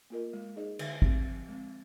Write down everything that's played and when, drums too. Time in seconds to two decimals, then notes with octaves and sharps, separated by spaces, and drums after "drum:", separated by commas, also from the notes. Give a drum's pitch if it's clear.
0.10 A#3 F4 A#4 D#5
0.33 G#3
0.56 D#4 G#4 C5 D#5
0.79 D3, drum: cymbal
1.02 F3 C4 G4, drum: kick
1.25 F3
1.48 G#3 C4